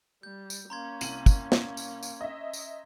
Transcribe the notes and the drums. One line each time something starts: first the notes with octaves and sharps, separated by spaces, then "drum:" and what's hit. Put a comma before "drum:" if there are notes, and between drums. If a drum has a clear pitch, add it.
G3 G6
drum: tambourine
A#3 C#4 A#5 C6 G#6
C2 D#7 F#7, drum: tambourine
drum: kick, tambourine
drum: snare
drum: tambourine
drum: tambourine
D#5 E5
drum: tambourine